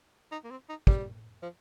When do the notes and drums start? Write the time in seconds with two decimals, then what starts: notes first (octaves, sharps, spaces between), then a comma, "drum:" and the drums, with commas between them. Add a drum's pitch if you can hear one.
0.32 D#4
0.44 A#3
0.50 C4
0.69 D#4
0.87 G3, drum: kick
1.42 F3